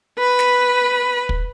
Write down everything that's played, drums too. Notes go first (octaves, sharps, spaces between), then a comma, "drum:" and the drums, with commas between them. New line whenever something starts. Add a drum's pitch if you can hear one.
B4 B5
drum: snare
drum: kick